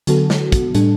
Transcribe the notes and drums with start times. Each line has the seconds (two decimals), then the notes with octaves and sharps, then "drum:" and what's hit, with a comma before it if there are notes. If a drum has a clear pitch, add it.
0.07 D3 F#3 B3 F#4 A4, drum: hi-hat
0.30 drum: snare
0.52 drum: kick, hi-hat
0.75 A2 G3 D4 A4, drum: hi-hat